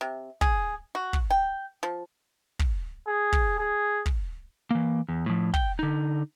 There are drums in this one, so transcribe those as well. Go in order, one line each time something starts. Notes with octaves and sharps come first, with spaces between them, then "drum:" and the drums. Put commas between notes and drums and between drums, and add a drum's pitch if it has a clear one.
C3
G#4, drum: kick
F#4
drum: kick
G5
F3
drum: kick
G#4
drum: kick
G#4
drum: kick
E3 A#3
E2
A2 F3
G5, drum: kick
D3 D#4